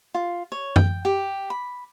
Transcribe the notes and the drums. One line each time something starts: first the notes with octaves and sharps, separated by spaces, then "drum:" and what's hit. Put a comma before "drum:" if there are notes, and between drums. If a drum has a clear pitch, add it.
F4
C#5
G5, drum: tom F#2
G4
B5